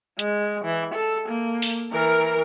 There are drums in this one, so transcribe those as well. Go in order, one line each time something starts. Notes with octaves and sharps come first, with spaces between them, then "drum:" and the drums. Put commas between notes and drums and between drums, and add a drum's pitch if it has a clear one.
G#3, drum: hi-hat
E3
A4
A#3
drum: open hi-hat
E3 A#4